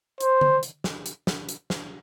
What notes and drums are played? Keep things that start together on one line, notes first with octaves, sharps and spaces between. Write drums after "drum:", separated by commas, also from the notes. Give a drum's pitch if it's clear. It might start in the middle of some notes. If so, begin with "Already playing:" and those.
C5, drum: hi-hat
drum: tom D3
drum: hi-hat
drum: snare
drum: hi-hat
drum: snare
drum: hi-hat
drum: snare